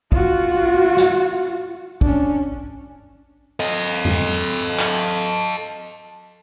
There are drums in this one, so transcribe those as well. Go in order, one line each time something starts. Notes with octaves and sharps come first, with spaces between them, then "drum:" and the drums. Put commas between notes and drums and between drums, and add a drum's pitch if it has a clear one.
F4 F#4, drum: kick
drum: snare
C#4 D4, drum: kick
A4 D#5
drum: tom E2
drum: clap